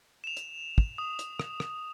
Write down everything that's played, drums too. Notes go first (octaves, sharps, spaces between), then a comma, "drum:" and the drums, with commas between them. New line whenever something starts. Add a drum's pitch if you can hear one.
E7 F7
drum: hi-hat
drum: kick
D#6
drum: hi-hat
drum: rim click
drum: rim click